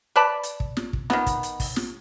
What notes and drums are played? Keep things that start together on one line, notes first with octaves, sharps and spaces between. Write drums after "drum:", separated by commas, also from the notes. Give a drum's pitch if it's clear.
B4 D5 A5 B5
drum: hi-hat
drum: kick
drum: snare
drum: kick
D#3 B3, drum: snare
drum: kick, hi-hat
drum: hi-hat
drum: kick, open hi-hat
drum: snare